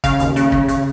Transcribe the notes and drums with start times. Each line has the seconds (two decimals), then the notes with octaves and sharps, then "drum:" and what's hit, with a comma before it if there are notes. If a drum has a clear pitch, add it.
0.04 C#3 F5, drum: kick, hi-hat
0.19 D#2, drum: hi-hat
0.36 C#3, drum: hi-hat
0.52 C#3, drum: kick
0.68 C#3, drum: hi-hat